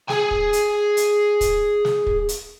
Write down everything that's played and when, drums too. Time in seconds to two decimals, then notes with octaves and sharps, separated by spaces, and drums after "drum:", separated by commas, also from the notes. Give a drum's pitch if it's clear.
0.09 G#4 G#5, drum: snare
0.31 drum: kick
0.53 drum: hi-hat
0.97 drum: hi-hat
1.41 drum: kick, hi-hat
1.85 drum: snare
2.07 drum: kick
2.29 drum: hi-hat